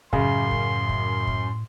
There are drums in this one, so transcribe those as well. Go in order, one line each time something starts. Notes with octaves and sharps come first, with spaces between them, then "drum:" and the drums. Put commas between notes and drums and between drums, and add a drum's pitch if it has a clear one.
F#2 A2 C#3 C6, drum: kick
drum: kick
drum: kick
drum: kick